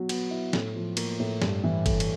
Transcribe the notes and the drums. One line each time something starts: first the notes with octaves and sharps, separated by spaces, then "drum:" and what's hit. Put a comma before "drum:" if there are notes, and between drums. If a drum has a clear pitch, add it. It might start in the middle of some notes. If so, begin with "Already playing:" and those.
Already playing: B2 F#3
B3, drum: cymbal
E4
A2, drum: snare
F3
A#3, drum: cymbal
A2
G2, drum: snare
E3
A3, drum: kick, cymbal
drum: cymbal